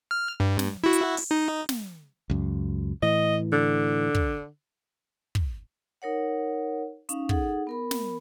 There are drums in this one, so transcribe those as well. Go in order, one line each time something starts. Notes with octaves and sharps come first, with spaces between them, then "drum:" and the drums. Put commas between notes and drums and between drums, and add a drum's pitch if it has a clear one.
F6
G2
drum: snare
E4 F#4
drum: hi-hat
drum: open hi-hat
D#4
drum: snare
C#2 F#2
A2 E3 D#5
D3
drum: kick
drum: kick
D#4 A#4 C#5 F#5
C#4 D#4 F5, drum: hi-hat
D#4 G#4 A4 F#5, drum: kick
B3 A#4 B5
drum: snare